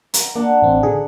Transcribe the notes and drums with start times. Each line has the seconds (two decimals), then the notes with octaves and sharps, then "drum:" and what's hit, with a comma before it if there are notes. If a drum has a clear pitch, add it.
0.14 A#5, drum: hi-hat
0.35 A#3 D4 F#5 A5
0.62 A1 C4
0.83 D3 G#4